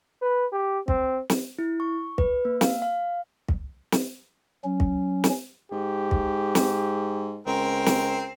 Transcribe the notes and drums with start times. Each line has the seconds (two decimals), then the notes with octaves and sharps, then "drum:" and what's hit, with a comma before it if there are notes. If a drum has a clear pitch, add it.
0.22 B4
0.52 G4
0.88 C4, drum: kick
1.30 drum: snare
1.59 E4
1.80 C#6
2.18 B4, drum: kick
2.45 A#3
2.61 F5, drum: snare
2.82 F5
3.48 drum: kick
3.92 drum: snare
4.64 F#3 C#4
4.80 drum: kick
5.24 drum: snare
5.72 G#2 G4
6.11 drum: kick
6.55 drum: snare
7.47 C#2 C4 A#4
7.86 drum: snare